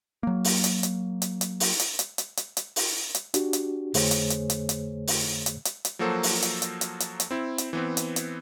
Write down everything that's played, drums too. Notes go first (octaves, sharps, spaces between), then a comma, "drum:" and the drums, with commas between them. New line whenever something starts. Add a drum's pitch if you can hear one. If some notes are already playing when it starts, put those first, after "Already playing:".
F#3 A#3
drum: open hi-hat
drum: hi-hat
drum: hi-hat
drum: hi-hat
drum: hi-hat
drum: open hi-hat
drum: hi-hat
drum: hi-hat
drum: hi-hat
drum: hi-hat
drum: hi-hat
drum: open hi-hat
drum: hi-hat
D4 F#4 G4, drum: hi-hat
drum: hi-hat
F2 D3 A3 G#4 C5 C#5, drum: open hi-hat
drum: hi-hat
drum: hi-hat
drum: hi-hat
drum: hi-hat
drum: open hi-hat
drum: hi-hat
drum: hi-hat
drum: hi-hat
F3 F#3 A#3 F#4 A4 C5
drum: open hi-hat
drum: hi-hat
drum: hi-hat
drum: hi-hat
drum: hi-hat
drum: hi-hat
C4 E4
drum: hi-hat
E3 B3 C4
drum: hi-hat
drum: hi-hat